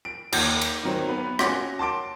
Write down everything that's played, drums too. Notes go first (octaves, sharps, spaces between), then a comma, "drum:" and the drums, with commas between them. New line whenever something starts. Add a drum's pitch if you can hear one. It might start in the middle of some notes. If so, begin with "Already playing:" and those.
D7
D#2 F#5 G6 G#6 A#6, drum: cymbal
drum: cymbal
D#3 F#3 C5
B3 B4
C#4 F#4 D6 A#6, drum: rim click
A5 C6 D6 D7